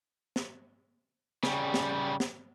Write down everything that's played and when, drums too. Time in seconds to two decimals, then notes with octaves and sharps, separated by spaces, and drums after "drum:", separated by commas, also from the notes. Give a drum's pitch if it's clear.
0.36 drum: snare
1.43 C#3 G3, drum: snare
1.74 drum: snare
2.20 drum: snare